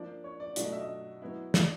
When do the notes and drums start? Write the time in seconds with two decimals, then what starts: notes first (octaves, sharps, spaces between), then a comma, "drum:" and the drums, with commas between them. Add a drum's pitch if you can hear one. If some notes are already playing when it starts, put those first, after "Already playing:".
Already playing: F3 A#3 D4 D5
0.24 C#5
0.40 D5
0.56 B2 F#3 A3 D4 F4 D5, drum: hi-hat
0.65 D#5
0.72 E5
0.81 D#5
1.22 F#3 B3 E4
1.54 D5, drum: snare